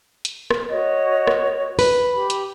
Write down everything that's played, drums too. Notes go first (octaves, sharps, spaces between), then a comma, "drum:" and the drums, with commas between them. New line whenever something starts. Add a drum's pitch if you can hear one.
drum: hi-hat
drum: rim click
F#4 C#5 D#5
drum: rim click
B4, drum: open hi-hat
G4 B5
drum: hi-hat